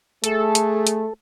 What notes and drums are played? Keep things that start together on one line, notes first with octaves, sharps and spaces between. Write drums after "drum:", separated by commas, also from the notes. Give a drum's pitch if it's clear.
A3 G#4 A4, drum: hi-hat
drum: hi-hat
drum: hi-hat